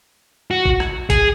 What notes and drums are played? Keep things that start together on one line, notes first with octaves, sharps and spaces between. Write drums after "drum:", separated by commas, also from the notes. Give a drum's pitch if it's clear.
F#4
drum: kick
drum: rim click
G#4, drum: kick, hi-hat